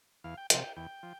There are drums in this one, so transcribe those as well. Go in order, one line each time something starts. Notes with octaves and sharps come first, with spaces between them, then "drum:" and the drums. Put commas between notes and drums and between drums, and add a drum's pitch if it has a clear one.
E2 F5
G5
C3 F3 G5, drum: hi-hat
G5
E2 G5
F3